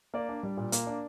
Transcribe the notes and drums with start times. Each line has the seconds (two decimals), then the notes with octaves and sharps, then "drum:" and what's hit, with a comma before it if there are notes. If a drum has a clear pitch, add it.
0.14 A#3 D5
0.29 D4
0.43 G3
0.57 A#2
0.72 A#3, drum: hi-hat
0.87 D4